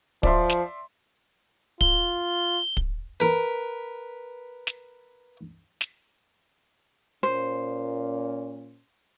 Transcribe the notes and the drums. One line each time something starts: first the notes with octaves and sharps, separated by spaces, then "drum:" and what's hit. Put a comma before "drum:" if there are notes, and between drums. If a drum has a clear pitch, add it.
F3 D5 E5 C6, drum: kick
drum: snare
F4 G7, drum: kick
drum: kick
A#4 B4
drum: snare
drum: snare
A#2 C#4 C5